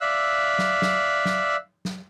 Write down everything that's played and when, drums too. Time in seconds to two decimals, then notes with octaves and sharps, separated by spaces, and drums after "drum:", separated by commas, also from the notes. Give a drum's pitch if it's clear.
0.01 D5 E5 F5 E6 F#6
0.59 drum: snare
0.82 drum: snare
1.25 drum: snare
1.85 drum: snare